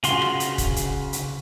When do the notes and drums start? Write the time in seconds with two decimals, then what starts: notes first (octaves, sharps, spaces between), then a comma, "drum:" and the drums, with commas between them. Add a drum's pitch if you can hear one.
0.03 C#3 F4 F#4 C6, drum: hi-hat
0.22 drum: rim click
0.40 drum: hi-hat
0.58 drum: kick E1, hi-hat
0.76 drum: hi-hat
1.13 drum: hi-hat